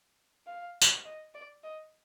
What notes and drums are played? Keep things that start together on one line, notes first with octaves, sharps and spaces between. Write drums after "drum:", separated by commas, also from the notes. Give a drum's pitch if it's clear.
F5
drum: tambourine
D#5
D5
D#5